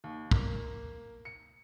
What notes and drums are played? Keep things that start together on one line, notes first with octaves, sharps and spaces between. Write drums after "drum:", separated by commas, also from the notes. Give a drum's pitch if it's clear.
D#2
A#3, drum: kick
C#7